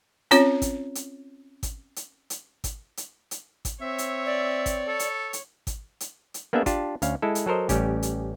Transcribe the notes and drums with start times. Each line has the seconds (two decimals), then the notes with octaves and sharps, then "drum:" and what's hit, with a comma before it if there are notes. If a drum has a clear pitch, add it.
0.31 C4 C#4 F4 C#5, drum: hi-hat
0.62 drum: kick G#1, hi-hat
0.95 drum: hi-hat
1.63 drum: kick G#1, hi-hat
1.96 drum: hi-hat
2.30 drum: hi-hat
2.64 drum: kick G#1, hi-hat
2.97 drum: hi-hat
3.31 drum: hi-hat
3.65 drum: kick G#1, hi-hat
3.82 C4 C#5 E5
3.98 drum: hi-hat
4.26 D5
4.66 drum: kick G#1, hi-hat
4.88 A4 C#5
4.99 drum: hi-hat
5.33 drum: hi-hat
5.67 drum: kick G#1, hi-hat
6.00 drum: hi-hat
6.34 drum: hi-hat
6.53 A#3 B3 D4 G#4 E5
6.66 D4 F4 G4 A5, drum: kick G#1, hi-hat
7.02 D2 C#4 F5, drum: hi-hat
7.22 G#3 E4 A4
7.35 drum: hi-hat
7.46 F#3 A4 A#4 C5 D#5
7.69 A1 G3 C#4 G4, drum: kick G#1, hi-hat
8.03 drum: hi-hat